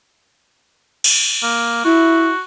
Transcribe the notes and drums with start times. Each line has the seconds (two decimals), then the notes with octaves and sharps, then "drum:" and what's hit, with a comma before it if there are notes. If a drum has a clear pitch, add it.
1.04 drum: cymbal
1.43 A#3
1.84 E4 F#4